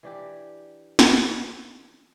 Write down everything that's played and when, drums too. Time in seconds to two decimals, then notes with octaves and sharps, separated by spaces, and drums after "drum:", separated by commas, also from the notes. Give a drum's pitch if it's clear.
0.03 E3 D4 G4
0.99 drum: snare